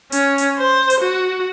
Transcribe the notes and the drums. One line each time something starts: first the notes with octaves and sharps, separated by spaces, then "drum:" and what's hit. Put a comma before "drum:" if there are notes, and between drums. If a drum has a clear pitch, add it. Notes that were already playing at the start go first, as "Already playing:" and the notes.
C#4, drum: hi-hat
drum: hi-hat
C5
drum: hi-hat
F#4